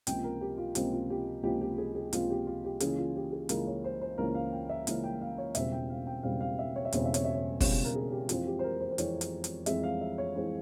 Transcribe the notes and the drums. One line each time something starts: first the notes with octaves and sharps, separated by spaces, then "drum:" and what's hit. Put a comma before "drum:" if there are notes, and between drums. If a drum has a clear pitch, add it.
C#2 C3 F3 A#3 G5, drum: hi-hat
A#4
G4
F4
C#2 C3 F3 A#3 G4, drum: hi-hat
F4
G4
C#2 C3 F3 A#3 G4
G4
G#4
G#4
C#2 C3 F3 A#3 F4, drum: hi-hat
G4
F4
G4
C#2 C#3 E3 A#3 C#4 G#4, drum: hi-hat
F4
G4
G#4
C#2 C#3 E3 A#3 C#4 A#4, drum: hi-hat
C#5
C5
C5
C#2 C#3 E3 A#3 C#4 A#4
F5
G5
E5
C#2 C#3 E3 A#3 C#4 F5, drum: hi-hat
G5
F5
C#5
E1 E2 C#3 G3 C4 E5, drum: hi-hat
G5
F5
G5
E1 E2 C#3 G3 C4 F5
F5
E5
C#5
E5
E1 E2 C#3 G3 C4 C#5, drum: hi-hat
E5
C#5, drum: hi-hat
E5
C#5
E1 E2 C#3 G3 C4 C#5, drum: kick, open hi-hat
A#4
G#4
G4
F2 E3 G#3 C4 F4, drum: hi-hat
G4
C5
A#4
C5
C5
F2 E3 G#3 C4 C#5, drum: hi-hat
drum: hi-hat
drum: hi-hat
F2 E3 G#3 C4 E5, drum: hi-hat
F5
E5
C#5
E3 G#3 C4 C5